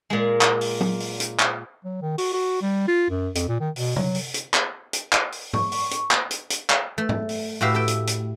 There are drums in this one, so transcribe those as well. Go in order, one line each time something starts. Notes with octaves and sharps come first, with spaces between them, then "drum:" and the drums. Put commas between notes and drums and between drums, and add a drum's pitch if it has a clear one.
A#2 G#3
drum: clap
drum: open hi-hat
drum: tom F#3
drum: open hi-hat
drum: hi-hat
drum: clap
F#3
D#3
F#4, drum: open hi-hat
F#4
G3
F4
F#2
F2, drum: hi-hat
A#2
D#3
B2, drum: open hi-hat
F#3, drum: tom
drum: open hi-hat
drum: hi-hat
drum: clap
drum: hi-hat
drum: clap
drum: open hi-hat
C#6, drum: tom
drum: open hi-hat
drum: hi-hat
drum: clap
drum: hi-hat
drum: hi-hat
drum: clap
A3
drum: tom
drum: open hi-hat
A2 F#4 G4 E5 F5 B5
A4 E5 G5
drum: hi-hat
drum: hi-hat